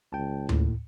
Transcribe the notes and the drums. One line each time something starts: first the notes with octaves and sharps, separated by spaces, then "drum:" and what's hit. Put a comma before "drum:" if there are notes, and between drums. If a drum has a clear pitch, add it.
C#2 G5 A5
D#2 A2, drum: tom D2